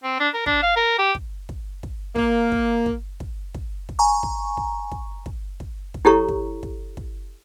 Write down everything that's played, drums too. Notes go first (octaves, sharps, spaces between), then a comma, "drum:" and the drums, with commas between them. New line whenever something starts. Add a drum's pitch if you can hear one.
C4
D4
A#4
D4, drum: kick
F5
A#4
G4
drum: kick
drum: kick
drum: kick
A#3, drum: kick
drum: kick
drum: kick
drum: kick
drum: kick
drum: kick
G#5 A#5 C#6
drum: kick
drum: kick
drum: kick
drum: kick
drum: kick
drum: kick
E4 G4 A4 C#5 A#5 C#6
drum: kick
drum: kick
drum: kick